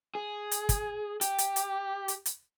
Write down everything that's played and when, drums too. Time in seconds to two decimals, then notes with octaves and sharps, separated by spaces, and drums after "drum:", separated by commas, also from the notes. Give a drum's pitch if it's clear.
0.15 G#4
0.51 drum: hi-hat
0.69 drum: kick, hi-hat
1.21 G4, drum: hi-hat
1.38 drum: hi-hat
1.56 drum: hi-hat
2.08 drum: hi-hat
2.26 drum: hi-hat